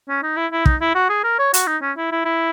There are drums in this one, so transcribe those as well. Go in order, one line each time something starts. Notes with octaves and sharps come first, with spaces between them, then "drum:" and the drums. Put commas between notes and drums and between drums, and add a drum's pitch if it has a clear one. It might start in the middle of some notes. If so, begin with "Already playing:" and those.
C#4
D#4
E4
E4
D#4, drum: kick
E4
F#4
G#4
A#4
C#5
F#4, drum: hi-hat
D#4
C#4
E4
E4
E4